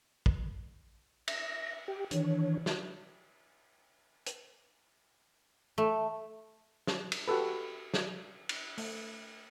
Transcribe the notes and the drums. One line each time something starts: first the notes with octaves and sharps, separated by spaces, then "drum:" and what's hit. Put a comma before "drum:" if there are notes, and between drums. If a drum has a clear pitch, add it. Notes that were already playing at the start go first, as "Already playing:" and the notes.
drum: kick
E5 A#6, drum: cymbal
G4 G5
D#3 E3 D4 C#5, drum: hi-hat
drum: snare
drum: hi-hat
A3
drum: snare
drum: cymbal
F#4 G4 A4 B4
drum: snare
drum: cymbal
A3, drum: open hi-hat